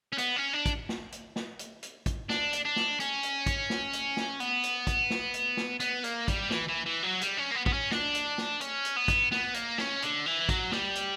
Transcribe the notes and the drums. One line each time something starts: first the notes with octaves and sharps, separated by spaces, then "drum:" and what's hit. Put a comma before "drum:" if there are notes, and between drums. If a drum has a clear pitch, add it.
C#4
B3, drum: hi-hat
C#4
D4
drum: kick, hi-hat
drum: snare
drum: hi-hat
drum: snare
drum: hi-hat
drum: hi-hat
drum: kick, hi-hat
D4, drum: snare
drum: hi-hat
D4
drum: snare
C#4, drum: hi-hat
drum: hi-hat
drum: kick, hi-hat
drum: snare
drum: hi-hat
drum: snare
B3, drum: hi-hat
drum: hi-hat
drum: kick, hi-hat
drum: snare
drum: hi-hat
drum: snare
B3, drum: hi-hat
A#3, drum: hi-hat
G3, drum: kick, hi-hat
E3, drum: snare
E3
E3
F#3
G3, drum: hi-hat
C#4
A#3
B3
B3, drum: kick
C#4
D4, drum: snare
drum: hi-hat
drum: snare
C#4, drum: hi-hat
drum: hi-hat
B3
drum: kick, hi-hat
B3, drum: snare
A#3, drum: hi-hat
C#4, drum: snare
D3, drum: hi-hat
E3
F#3, drum: kick, hi-hat
G3, drum: snare
drum: hi-hat